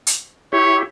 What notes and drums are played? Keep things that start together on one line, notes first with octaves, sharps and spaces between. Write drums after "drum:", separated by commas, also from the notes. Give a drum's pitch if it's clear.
drum: hi-hat
E4 G4 C#5